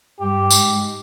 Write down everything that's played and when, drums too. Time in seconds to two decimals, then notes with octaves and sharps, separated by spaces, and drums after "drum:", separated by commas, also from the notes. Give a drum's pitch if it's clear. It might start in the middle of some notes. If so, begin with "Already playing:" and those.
0.20 G2 G3 G4
0.51 G#2 G#3, drum: tambourine